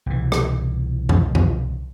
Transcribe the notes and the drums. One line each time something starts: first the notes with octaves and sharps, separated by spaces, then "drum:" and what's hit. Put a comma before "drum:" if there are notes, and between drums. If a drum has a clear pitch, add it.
C2 B2 E3
drum: rim click
drum: tom F2
drum: tom F2